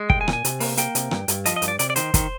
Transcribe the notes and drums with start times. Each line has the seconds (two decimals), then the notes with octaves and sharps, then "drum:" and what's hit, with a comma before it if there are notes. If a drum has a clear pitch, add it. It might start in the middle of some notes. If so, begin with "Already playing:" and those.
Already playing: G#3
0.10 C2 G5, drum: kick
0.21 G#5
0.28 A#2, drum: rim click
0.33 G#5
0.45 C3, drum: hi-hat
0.60 A#3, drum: open hi-hat
0.77 A#3 G5, drum: hi-hat
0.95 C3, drum: hi-hat
1.11 G2, drum: rim click
1.28 G2, drum: hi-hat
1.46 F3 D#5, drum: hi-hat
1.56 D#5
1.62 G2, drum: hi-hat
1.68 D5
1.79 C3 D5, drum: hi-hat
1.90 D5
1.96 D#3 C5, drum: hi-hat
2.14 D#3, drum: kick, hi-hat